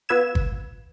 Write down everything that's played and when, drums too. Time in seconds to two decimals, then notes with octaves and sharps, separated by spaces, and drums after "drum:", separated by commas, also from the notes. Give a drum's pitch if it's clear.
0.09 B3 F4 B4 E6 G#6 E7
0.35 drum: kick